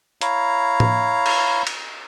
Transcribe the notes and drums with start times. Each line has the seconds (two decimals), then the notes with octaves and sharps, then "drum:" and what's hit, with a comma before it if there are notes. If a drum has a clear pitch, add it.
0.21 E4 C#5 F5 A#5, drum: hi-hat
0.80 drum: tom A2
1.26 drum: cymbal
1.67 drum: cymbal